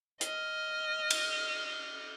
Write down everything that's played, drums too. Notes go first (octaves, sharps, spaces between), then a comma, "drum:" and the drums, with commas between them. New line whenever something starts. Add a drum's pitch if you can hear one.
D#5 F6, drum: hi-hat
drum: cymbal